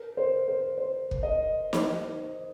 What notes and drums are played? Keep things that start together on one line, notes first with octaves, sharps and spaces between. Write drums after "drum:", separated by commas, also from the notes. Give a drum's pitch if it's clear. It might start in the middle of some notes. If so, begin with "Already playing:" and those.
Already playing: A#4
C5
C5
C5
drum: kick
D#5
drum: snare